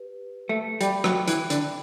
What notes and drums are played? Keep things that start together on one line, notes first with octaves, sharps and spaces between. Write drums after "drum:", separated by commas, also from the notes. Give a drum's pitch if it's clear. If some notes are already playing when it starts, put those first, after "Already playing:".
Already playing: G4 B4
A3
G3 A4 E5 G5 B5 D6, drum: hi-hat
F#3, drum: rim click
E3, drum: hi-hat
D3, drum: hi-hat